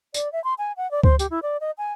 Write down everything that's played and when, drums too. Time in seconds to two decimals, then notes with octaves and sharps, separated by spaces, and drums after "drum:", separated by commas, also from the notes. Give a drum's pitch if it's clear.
0.14 D5, drum: tambourine
0.33 E5
0.44 C6
0.58 G#5
0.77 F#5
0.91 D5
1.03 C5, drum: kick C#2
1.19 G4, drum: tambourine
1.31 E4
1.43 D5
1.61 D#5
1.78 G#5